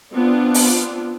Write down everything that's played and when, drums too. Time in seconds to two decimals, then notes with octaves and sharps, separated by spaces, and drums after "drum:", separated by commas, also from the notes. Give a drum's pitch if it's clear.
0.13 B3 C4 D4 F4
0.54 drum: open hi-hat